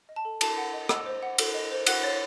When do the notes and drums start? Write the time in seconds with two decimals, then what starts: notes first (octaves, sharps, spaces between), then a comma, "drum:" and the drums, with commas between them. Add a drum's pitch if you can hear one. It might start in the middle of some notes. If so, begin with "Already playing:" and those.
0.09 D#5
0.16 A5
0.25 A4
0.41 A4 A5, drum: cymbal
0.58 F#5
0.73 D#5
0.89 D#5 E6, drum: rim click
1.06 C5
1.23 F#5
1.38 A4, drum: cymbal
1.54 D#5
1.71 C5
1.86 F#5 F#6, drum: cymbal
2.03 C#5 A6